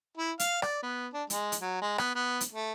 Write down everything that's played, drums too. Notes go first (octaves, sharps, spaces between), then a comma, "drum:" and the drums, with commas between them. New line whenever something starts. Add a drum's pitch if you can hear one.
E4
F5, drum: hi-hat
D5, drum: rim click
B3
D4
G#3, drum: hi-hat
drum: hi-hat
F#3
G#3
B3, drum: rim click
B3
drum: hi-hat
A3